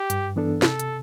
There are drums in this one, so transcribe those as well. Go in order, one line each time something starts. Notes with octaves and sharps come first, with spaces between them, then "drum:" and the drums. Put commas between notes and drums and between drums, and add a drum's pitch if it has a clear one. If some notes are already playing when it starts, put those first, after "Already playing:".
Already playing: G4
G2, drum: hi-hat
E3 B3 D4 A4
C3 A4, drum: snare
drum: hi-hat